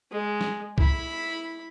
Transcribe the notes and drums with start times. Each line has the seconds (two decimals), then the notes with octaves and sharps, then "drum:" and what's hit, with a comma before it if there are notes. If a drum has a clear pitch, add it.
0.11 G#3
0.41 drum: snare
0.78 E4 B5, drum: kick C2